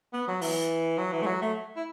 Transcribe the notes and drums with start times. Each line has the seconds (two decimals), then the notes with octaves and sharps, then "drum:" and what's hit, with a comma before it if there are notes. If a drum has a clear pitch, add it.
0.13 B3
0.27 F#3
0.41 E3, drum: open hi-hat
0.98 F#3
1.12 E3
1.22 A3
1.26 F#3
1.41 A3
1.77 E4